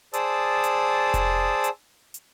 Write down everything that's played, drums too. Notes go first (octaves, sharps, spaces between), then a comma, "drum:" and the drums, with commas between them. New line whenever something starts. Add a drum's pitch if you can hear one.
G#4 C5 D5 A5 D#6 E6, drum: hi-hat
drum: hi-hat
drum: kick F1, hi-hat
drum: hi-hat
drum: hi-hat